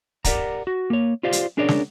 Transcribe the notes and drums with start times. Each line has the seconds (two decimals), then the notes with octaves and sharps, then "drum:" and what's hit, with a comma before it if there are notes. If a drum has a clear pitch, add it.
0.25 G4 A#4 D5 F#5 A#5, drum: kick, hi-hat
0.67 F#4
0.90 A#3 C#5
1.23 F4 G4 C5 D5 F5
1.33 drum: hi-hat
1.57 C#4 D4 G#4 A#4 C#5 D5
1.68 drum: snare